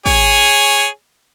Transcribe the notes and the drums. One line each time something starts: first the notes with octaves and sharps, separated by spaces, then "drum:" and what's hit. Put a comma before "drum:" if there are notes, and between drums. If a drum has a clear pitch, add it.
G#4 C#5, drum: kick